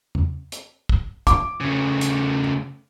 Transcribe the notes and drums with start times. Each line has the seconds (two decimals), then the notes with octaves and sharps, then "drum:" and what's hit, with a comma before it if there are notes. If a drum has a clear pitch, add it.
0.15 drum: tom
0.52 drum: hi-hat
0.89 drum: kick
1.27 D6, drum: kick, hi-hat
1.61 C#3 A3
2.01 drum: hi-hat